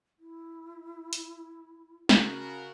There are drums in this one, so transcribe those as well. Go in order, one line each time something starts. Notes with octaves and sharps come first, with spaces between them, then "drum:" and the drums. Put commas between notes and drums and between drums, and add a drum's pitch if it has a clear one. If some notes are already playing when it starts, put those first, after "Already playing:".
E4
drum: hi-hat
C#3 F#4 A#4, drum: snare